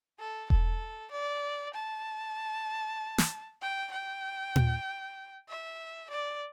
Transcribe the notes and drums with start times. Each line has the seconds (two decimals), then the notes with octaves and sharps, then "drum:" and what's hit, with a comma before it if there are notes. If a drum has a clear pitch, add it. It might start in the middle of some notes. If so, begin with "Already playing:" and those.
0.19 A4
0.50 A4, drum: kick E1
1.11 D5
1.74 A5
3.18 drum: snare
3.61 G5
3.92 G5
4.56 drum: tom A#2
5.48 E5
6.10 D5